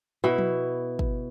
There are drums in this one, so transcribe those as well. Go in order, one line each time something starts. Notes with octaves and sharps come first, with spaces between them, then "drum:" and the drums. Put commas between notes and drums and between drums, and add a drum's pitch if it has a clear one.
B2 E4
drum: tom F3
drum: kick